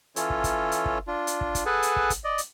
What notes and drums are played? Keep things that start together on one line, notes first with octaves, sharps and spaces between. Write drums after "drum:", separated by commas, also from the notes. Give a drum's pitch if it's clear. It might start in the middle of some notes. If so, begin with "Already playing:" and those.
E3 C#4 F4 A4 C#5, drum: hi-hat
drum: kick
drum: kick, hi-hat
drum: hi-hat
drum: kick
D4 F4
drum: hi-hat
drum: kick
drum: kick, hi-hat
G#4 A4 B4 F#5 G#5 A5
drum: hi-hat
drum: kick
drum: kick, hi-hat
D5 D#5
drum: hi-hat